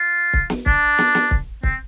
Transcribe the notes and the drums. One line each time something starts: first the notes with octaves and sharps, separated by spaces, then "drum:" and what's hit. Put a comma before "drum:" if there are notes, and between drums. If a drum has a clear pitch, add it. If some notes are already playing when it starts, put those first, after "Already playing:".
Already playing: F4
drum: kick
drum: snare
D4, drum: kick
drum: snare
drum: snare
drum: kick
C4, drum: kick